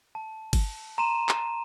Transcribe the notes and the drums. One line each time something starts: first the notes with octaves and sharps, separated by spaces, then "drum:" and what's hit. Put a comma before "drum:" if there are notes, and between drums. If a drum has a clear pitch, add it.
A5
drum: kick G1, cymbal
A#5 C6 D#7 E7
drum: clap